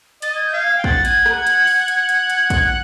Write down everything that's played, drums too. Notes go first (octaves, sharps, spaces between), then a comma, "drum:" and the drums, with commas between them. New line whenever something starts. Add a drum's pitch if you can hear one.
D#5 A6, drum: hi-hat
G#6
G6
F5
G#6
G5
F#5 A6, drum: kick
G#6, drum: hi-hat
G#6, drum: rim click
drum: hi-hat
drum: open hi-hat
drum: hi-hat
drum: hi-hat
drum: hi-hat
drum: kick, hi-hat
F#6